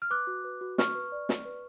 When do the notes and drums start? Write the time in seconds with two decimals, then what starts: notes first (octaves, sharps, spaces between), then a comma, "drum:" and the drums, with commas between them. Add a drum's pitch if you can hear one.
0.02 F6
0.10 B4 D6 F#6
0.27 F#4
0.45 B4
0.61 F#4
0.78 B4 C#6 F6, drum: snare
0.95 B4
1.12 D5
1.29 D5, drum: snare
1.45 B4